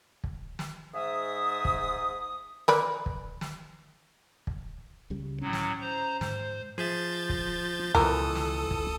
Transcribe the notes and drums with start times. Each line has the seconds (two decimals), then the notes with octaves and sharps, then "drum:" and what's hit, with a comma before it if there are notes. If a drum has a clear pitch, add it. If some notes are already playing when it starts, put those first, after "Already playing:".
0.24 drum: kick
0.59 drum: snare
0.94 G#2 E5 D#6
1.65 drum: kick
2.68 A#4 B4 D5, drum: snare
3.06 drum: kick
3.41 drum: snare
4.47 drum: kick
5.10 C#2 C#3 G3
5.42 A2 F#3 C#4
5.53 drum: snare
5.81 C5 A#5
6.21 G#2 C5, drum: snare
6.78 F3 G#4 E5 G6 A6
7.30 drum: kick
7.95 C#2 B2 E3 F3 A4 A#4 D#6
8.35 drum: snare
8.71 drum: kick